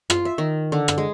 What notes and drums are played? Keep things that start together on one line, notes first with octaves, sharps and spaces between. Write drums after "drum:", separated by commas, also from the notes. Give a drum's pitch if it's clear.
F4, drum: rim click
E5
D#3
D3
drum: rim click
G#3